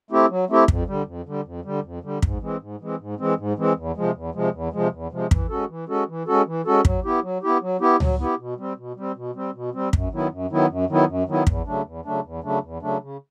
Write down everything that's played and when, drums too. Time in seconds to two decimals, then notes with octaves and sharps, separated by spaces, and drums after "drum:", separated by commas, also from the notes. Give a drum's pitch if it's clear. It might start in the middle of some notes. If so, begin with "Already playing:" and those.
0.11 A3 C4 E4 G4
0.29 F#3
0.49 A3 C4 E4 G4
0.68 F2, drum: kick
0.87 D3 G3
1.06 F2
1.26 D3 G3
1.45 F2
1.64 D3 G3
1.84 F2
2.03 D3 G3
2.22 G#2, drum: kick
2.41 E3 G#3 C4
2.61 G#2
2.81 E3 G#3 C4
2.99 G#2
3.19 E3 G#3 C4
3.38 G#2
3.57 E3 G#3 C4
3.76 E2
3.96 C3 F3 G#3
4.15 E2
4.34 C3 F3 G#3
4.53 E2
4.72 C3 F3 G#3
4.92 E2
5.11 C3 F3 G#3
5.31 E3, drum: kick
5.49 G#3 C#4 F#4 A4
5.69 E3
5.88 G#3 C#4 F#4 A4
6.08 E3
6.27 G#3 C#4 F#4 A4
6.46 E3
6.66 G#3 C#4 F#4 A4
6.85 F#3, drum: kick
7.04 B3 E4 G4
7.23 F#3
7.42 B3 E4 G4
7.61 F#3
7.80 B3 E4 G4
8.00 F#3, drum: tom C#2
8.19 B3 E4 G4
8.39 B2
8.58 G3 C4
8.77 B2
8.96 G3 C4
9.16 B2
9.35 G3 C4
9.54 B2
9.73 G3 C4
9.93 F#2, drum: kick
10.12 D#3 F#3 B3 E4
10.31 F#2
10.50 D#3 F#3 B3 E4
10.70 F#2
10.89 D#3 F#3 B3 E4
11.08 F#2
11.28 D#3 F#3 B3 E4
11.47 E2, drum: kick
11.67 C#3 F#3 A3 D4
11.85 E2
12.05 C#3 F#3 A3 D4
12.24 E2
12.43 C#3 F#3 A3 D4
12.63 E2
12.82 C#3 F#3 A3 D4
13.02 C#3